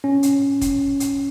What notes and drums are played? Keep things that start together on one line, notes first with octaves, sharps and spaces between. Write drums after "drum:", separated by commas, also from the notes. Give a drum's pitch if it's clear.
C#4
drum: hi-hat
drum: kick, hi-hat
drum: hi-hat